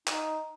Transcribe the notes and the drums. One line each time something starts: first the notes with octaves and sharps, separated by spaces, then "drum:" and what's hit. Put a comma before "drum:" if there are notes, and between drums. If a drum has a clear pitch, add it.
D#4, drum: clap